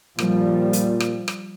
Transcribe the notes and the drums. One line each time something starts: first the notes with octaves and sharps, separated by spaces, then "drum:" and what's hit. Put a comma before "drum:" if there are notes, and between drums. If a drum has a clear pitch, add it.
A#2 F3 G3, drum: rim click
drum: hi-hat
drum: rim click
drum: rim click